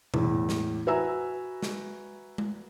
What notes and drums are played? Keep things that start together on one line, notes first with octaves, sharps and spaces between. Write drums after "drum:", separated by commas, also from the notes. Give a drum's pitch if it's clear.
E2 A2, drum: tom B2
drum: snare
F#4 B4 E5 G#5 A#5 E6
drum: snare
drum: tom G#3